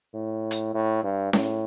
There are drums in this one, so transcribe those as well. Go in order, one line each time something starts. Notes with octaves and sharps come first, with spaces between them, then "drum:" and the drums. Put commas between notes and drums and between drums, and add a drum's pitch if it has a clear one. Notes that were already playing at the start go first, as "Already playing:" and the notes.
A2
drum: hi-hat
A2
G2
A2, drum: snare C#4